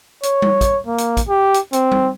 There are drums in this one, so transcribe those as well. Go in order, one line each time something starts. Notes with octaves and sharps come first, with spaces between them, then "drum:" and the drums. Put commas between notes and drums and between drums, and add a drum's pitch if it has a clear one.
C#5, drum: hi-hat
drum: tom G3
drum: kick, hi-hat
A#3
drum: hi-hat
drum: kick, hi-hat
G4
drum: hi-hat
C4, drum: hi-hat
drum: tom G3